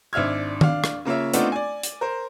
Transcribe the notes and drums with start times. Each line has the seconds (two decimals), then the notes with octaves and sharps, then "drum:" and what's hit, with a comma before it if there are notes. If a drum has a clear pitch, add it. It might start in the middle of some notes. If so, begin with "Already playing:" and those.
0.13 G#1 D4 E5 F6 G#6
0.61 D4 F5, drum: tom D#3
0.84 drum: rim click
1.05 C#3 A#3 F4 C#5 E5
1.34 A3 B3 C4 D4 D#4 F4, drum: hi-hat
1.52 D5 G#5
1.83 drum: hi-hat
2.01 A#4 C5